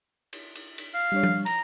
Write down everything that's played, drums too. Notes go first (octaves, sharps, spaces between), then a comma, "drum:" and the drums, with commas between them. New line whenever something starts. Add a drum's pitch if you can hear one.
drum: cymbal
drum: cymbal
drum: cymbal
F5
G3 D4 C#5
drum: tom F3
A#5, drum: cymbal